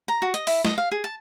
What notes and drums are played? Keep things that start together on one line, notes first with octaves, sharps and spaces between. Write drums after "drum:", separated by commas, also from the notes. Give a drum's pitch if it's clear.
A#5
F#4
D#5, drum: hi-hat
E4, drum: open hi-hat
D#5, drum: snare
F5
G#4
A5